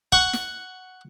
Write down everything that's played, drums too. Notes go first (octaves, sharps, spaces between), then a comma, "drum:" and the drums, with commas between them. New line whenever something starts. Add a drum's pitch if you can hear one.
F#5 C#6, drum: kick
drum: snare